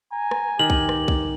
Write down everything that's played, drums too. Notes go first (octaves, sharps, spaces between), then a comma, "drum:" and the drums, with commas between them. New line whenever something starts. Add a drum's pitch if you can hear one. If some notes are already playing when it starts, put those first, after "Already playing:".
G#5 A#5
drum: rim click
D#3 G4 F#7
drum: kick
drum: rim click
drum: kick